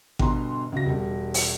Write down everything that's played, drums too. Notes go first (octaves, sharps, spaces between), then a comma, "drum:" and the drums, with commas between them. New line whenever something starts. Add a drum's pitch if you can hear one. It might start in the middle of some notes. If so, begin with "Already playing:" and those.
G1 B2 D3 A#5 C6, drum: kick G#1
C#2 C3 F#4 A#6
E1 G3
drum: open hi-hat